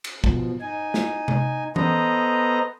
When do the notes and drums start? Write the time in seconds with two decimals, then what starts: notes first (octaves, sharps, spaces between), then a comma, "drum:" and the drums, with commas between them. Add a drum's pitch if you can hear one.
0.04 drum: cymbal
0.24 B2 F3, drum: kick
0.61 D#4 G#5
0.94 drum: snare
1.28 drum: tom C3
1.76 B3 A4 B4 C5 D#5 A#5, drum: tom E3